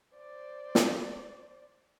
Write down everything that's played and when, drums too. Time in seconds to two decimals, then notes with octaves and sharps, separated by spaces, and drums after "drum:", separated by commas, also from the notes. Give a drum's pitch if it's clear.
0.15 C5 D5
0.75 drum: snare